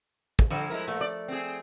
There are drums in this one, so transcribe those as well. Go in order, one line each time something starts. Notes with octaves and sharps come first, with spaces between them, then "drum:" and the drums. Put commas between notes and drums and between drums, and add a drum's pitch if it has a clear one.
drum: kick
D3 F3 G3 A4
G#3 E4 A#4
A#2 A3
D5
C4 G#4